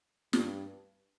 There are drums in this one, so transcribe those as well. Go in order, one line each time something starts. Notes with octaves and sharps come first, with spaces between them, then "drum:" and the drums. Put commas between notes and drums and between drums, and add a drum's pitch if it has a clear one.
G2, drum: snare